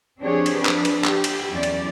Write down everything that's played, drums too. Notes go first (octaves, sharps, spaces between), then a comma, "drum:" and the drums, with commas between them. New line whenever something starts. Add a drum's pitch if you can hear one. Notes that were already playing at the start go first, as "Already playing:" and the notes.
F3 C4 D4 G4 G#4 C#5
drum: cymbal
F3 D4 B4
drum: clap
drum: cymbal
G4, drum: clap
drum: cymbal
E2 E3 F#3 C#4 D5
drum: cymbal